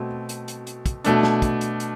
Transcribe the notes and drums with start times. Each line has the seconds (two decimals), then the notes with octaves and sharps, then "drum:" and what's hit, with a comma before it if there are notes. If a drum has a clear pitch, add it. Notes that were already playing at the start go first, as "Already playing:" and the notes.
Already playing: B2 A3 C4
0.29 drum: hi-hat
0.48 drum: hi-hat
0.67 drum: hi-hat
0.86 drum: kick, hi-hat
1.04 B2 A3 D4, drum: hi-hat
1.23 drum: snare
1.42 drum: kick, hi-hat
1.61 drum: hi-hat
1.80 drum: hi-hat